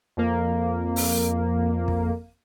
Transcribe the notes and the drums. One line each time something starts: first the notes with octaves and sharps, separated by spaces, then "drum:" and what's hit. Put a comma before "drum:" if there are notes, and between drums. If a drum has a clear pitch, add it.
F2 A#3
drum: open hi-hat
drum: kick